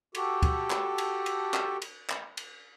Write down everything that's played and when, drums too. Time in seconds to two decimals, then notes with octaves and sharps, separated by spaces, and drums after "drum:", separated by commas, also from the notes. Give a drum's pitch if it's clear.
0.15 F#4 G4 A4, drum: cymbal
0.43 drum: kick D2, cymbal
0.70 drum: clap
0.98 drum: cymbal
1.26 drum: cymbal
1.54 drum: clap
1.82 drum: cymbal
2.10 drum: clap
2.37 drum: cymbal